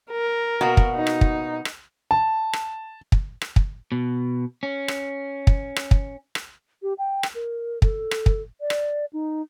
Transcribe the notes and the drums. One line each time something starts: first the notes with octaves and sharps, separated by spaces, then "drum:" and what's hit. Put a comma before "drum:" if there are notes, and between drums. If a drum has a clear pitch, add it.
A#4
B2 A#3 F#4
drum: kick
D#4
drum: rim click
drum: kick
drum: rim click
A5
drum: rim click
drum: kick
drum: rim click
drum: kick
B2
C#4
drum: rim click
drum: kick
drum: rim click
drum: kick
drum: rim click
G4
G5
drum: rim click
A#4
A4, drum: kick
drum: rim click
drum: kick
D5
drum: rim click
D#4